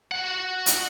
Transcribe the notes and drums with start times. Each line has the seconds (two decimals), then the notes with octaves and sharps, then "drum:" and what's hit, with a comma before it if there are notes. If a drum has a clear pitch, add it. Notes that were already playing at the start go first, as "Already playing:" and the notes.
0.12 F#4 F#5
0.66 drum: hi-hat